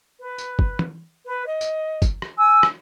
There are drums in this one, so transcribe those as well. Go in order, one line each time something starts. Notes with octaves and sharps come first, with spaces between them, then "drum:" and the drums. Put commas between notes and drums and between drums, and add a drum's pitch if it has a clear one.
B4
drum: tambourine
drum: kick
drum: tom
B4
D#5
drum: tambourine
drum: kick, tambourine
drum: rim click
G#5 E6
drum: rim click